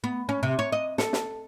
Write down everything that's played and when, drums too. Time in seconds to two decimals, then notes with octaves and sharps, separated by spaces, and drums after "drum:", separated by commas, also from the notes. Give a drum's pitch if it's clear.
0.04 B3
0.29 C#4
0.43 C3
0.59 C#5
0.72 D#5
0.98 A4, drum: snare
1.13 drum: snare